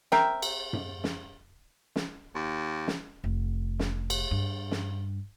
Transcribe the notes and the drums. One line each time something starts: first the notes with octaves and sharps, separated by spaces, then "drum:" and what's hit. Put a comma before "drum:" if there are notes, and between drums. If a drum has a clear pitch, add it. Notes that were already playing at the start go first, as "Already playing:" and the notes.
C4 A#4 E5 G5, drum: snare
drum: cymbal
drum: tom F#2
drum: snare
drum: snare
D#2
drum: snare
F1
drum: snare
drum: cymbal
G2
drum: snare